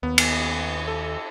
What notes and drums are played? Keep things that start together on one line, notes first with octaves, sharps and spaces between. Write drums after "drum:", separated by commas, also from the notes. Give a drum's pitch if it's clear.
D#2 B3
drum: cymbal
A4